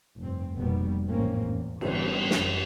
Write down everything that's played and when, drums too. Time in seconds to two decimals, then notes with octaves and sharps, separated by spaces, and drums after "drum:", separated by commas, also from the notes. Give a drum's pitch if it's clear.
0.20 F1 G2 C4
0.57 F1 B2 G3 A#3 B3
1.07 A1 F2 G#2 A#3 C4 C#4
1.46 E2
1.81 G#1 G#2 D3 E3 G3 B3, drum: cymbal
2.31 G#1 F#2, drum: snare